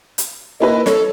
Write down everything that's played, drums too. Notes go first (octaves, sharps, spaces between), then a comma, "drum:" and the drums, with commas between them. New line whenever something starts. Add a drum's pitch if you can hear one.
drum: hi-hat
A#3 E4 B4 D#5
A4 C#5, drum: snare